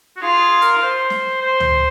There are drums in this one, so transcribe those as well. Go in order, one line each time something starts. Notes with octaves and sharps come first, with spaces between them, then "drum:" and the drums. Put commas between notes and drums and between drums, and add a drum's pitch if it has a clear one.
F#4
F4 G#4
G#4
A#4, drum: hi-hat
C5
drum: snare
C5
drum: tom C#2